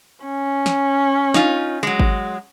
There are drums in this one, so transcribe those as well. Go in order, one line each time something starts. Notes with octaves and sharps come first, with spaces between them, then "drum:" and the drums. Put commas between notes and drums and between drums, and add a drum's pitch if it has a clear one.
C#4
drum: snare
D#4 F4, drum: snare
F#3 G#3
drum: kick G#1